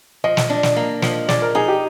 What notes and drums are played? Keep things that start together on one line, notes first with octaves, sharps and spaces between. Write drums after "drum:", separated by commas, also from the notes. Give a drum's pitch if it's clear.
F3 D#5
drum: snare
D4
drum: snare
A#3
F3, drum: snare
G#3 D5, drum: snare
A#4
D#4 G#4
G4